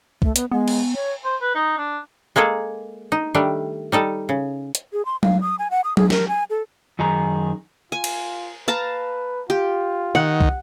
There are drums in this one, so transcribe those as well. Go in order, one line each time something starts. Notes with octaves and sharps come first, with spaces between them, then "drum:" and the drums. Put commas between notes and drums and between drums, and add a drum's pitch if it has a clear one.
A3, drum: kick
B3, drum: hi-hat
G#3 B3
drum: cymbal
C#5
C5
B4
D#4
D4
G#3 A#3 G#4 A4
D#4
D#3 G3 A3 D4
G3 D#4 A4
C#3
drum: hi-hat
G#4
C6
F5, drum: tom F#3
D#6
G#5
F#5
D#6
G#4, drum: tom F#3
A#4, drum: snare
G#5
A4
F#2 D#3 G#4 A#5
F4 G#5
drum: cymbal
B4 F5 A5 A#5
F4 G4
D#3 F#5
drum: kick